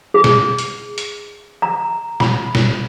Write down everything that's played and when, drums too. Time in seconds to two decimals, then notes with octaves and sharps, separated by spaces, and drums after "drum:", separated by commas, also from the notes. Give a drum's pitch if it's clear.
0.14 G#4
0.24 drum: snare
0.59 drum: hi-hat
0.98 drum: hi-hat
1.62 A#5
2.20 B5, drum: snare
2.55 drum: snare